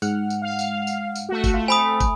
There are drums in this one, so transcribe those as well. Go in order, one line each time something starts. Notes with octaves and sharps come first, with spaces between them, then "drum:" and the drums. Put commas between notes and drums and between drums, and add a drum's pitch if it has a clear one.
G#2 F#5 F6, drum: tambourine
drum: tambourine
F5
drum: tambourine
drum: tambourine
drum: tambourine
A3 F#4
drum: kick, tambourine
A3 F4
C4 G#5 B5 D#6
drum: kick, tambourine